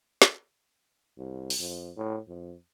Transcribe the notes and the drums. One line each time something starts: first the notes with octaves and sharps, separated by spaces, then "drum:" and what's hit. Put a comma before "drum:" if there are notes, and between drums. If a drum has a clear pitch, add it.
drum: snare
C2
drum: open hi-hat
F2
A2
F2